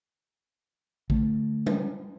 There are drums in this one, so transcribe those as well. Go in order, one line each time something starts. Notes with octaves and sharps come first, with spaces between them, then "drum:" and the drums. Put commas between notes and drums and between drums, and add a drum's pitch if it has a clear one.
D3 A3, drum: kick A#1
drum: tom G3